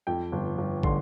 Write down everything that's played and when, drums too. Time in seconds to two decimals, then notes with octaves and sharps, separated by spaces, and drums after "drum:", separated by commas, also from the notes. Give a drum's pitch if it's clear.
0.07 F2 G5
0.32 G1
0.58 G1
0.83 D3 C6, drum: kick